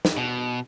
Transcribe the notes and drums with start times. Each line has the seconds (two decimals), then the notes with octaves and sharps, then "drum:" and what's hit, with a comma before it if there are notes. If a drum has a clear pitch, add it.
0.05 drum: snare
0.17 B2